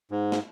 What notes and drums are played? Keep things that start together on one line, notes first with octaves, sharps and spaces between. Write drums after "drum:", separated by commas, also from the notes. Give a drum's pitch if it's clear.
G#2
drum: snare